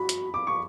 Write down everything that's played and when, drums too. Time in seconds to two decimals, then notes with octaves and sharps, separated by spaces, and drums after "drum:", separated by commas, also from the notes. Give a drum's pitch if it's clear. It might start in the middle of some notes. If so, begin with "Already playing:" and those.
Already playing: F#4 B5
0.09 drum: hi-hat
0.34 D6
0.47 C#6